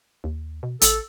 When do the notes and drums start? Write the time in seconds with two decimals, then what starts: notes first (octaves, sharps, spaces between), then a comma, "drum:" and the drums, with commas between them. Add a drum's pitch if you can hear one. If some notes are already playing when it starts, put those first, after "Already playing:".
0.24 D#2
0.63 B2
0.81 A1 A4, drum: hi-hat